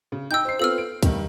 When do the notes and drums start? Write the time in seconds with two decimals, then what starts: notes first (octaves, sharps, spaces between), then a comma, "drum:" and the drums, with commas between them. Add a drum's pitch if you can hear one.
0.12 C#3
0.31 D#4 G5 E6 G6
0.45 C5 C7
0.59 B3 C4 F4 A4 E6 F6
0.78 D7
1.03 G2 D#3 G3, drum: kick, hi-hat